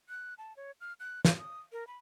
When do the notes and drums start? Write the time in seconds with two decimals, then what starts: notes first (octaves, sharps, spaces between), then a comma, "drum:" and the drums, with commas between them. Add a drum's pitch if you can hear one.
0.09 F#6
0.38 A5
0.57 C#5
0.81 F6
1.00 F#6
1.25 C#5, drum: snare
1.38 D#6
1.72 A#4
1.87 B5